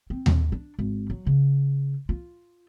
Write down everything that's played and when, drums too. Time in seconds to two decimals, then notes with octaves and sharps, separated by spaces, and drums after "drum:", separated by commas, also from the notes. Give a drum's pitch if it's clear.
0.10 C4
0.26 drum: tom D#2
0.52 D4
0.79 G#1
1.10 F#3
1.26 C#3
2.09 F4